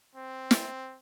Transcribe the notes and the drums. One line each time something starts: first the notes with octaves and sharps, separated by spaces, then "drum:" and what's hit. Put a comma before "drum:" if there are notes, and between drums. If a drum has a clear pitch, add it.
C4
drum: snare